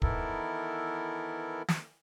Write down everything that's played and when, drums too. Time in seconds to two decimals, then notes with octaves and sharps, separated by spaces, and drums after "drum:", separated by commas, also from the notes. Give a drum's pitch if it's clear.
0.02 D#3 E3 B3 E4 A4 A#4, drum: kick
1.68 drum: snare